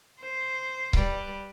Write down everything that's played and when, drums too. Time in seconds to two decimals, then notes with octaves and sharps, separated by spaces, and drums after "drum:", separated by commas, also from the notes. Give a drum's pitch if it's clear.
0.20 C5
0.93 G3 B4, drum: kick C#1